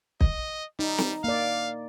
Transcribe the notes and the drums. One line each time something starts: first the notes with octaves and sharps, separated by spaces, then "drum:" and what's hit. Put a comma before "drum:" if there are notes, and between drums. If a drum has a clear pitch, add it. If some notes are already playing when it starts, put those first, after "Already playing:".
D#5, drum: kick
G3 D#4
drum: snare
A#3 D5 F5